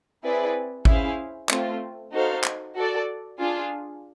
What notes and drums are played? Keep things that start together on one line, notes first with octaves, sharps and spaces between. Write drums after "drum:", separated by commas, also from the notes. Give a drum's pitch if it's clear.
C4 E4 G#4 B4 D5
C#4 E4 G#4 C5 F5, drum: kick G#1
A3 C4 F4, drum: clap
D#4 F#4 A4 C5 F5
drum: clap
F#4 A4 D5
D4 F4 G#4